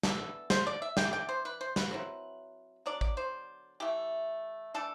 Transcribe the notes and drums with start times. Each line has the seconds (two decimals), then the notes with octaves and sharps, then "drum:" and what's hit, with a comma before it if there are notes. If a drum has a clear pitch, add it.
0.03 E3 B3 D4 A4, drum: snare
0.50 C5, drum: snare
0.67 D5
0.82 E5
0.97 E3 B3 D4 G5, drum: snare
1.13 G5
1.29 C5
1.45 B4
1.61 C5
1.76 B4, drum: snare
1.91 F#3 C4 E4
2.86 D3 F#3 B3 D4 D5
3.01 D5, drum: kick
3.17 C5
3.80 E3 A3 E4 G4
4.74 E3 A3 D4 A4